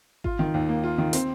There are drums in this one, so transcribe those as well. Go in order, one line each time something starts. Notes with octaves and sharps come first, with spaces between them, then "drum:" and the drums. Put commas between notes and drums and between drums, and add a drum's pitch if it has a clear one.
F4, drum: kick G#1
D#3
D#2
A#3
F4
D#3
C4, drum: hi-hat